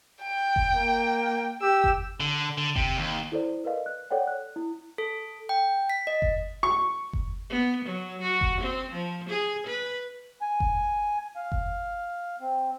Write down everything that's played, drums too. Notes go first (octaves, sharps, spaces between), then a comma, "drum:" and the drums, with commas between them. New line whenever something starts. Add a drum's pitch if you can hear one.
G5
drum: kick F#1
A#3
G4 E6
drum: kick F#1
D3
D3
C3, drum: kick F#1
D#2
E4 A4 C5 D5
A#4 B4 D5 D#5 F5
F#6
A4 C#5 D5 F#5 G5
F#6
E4
A4
G5
B6
D#5
drum: kick F#1
C#6
drum: kick F#1
B3
F#3
F#4
drum: kick F#1
C4
F3
G#4
B4
G#5
drum: kick F#1
F5
drum: kick F#1
C4